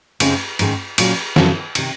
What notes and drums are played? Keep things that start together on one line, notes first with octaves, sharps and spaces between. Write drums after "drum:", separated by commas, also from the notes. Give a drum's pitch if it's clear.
F#2 C#3 G#3 C4 D#4, drum: cymbal
G#2 D#3 G#3 C#4, drum: cymbal
A#2 F#3 C#4, drum: cymbal
F2 C#3 F#3, drum: snare
C3 D#3, drum: cymbal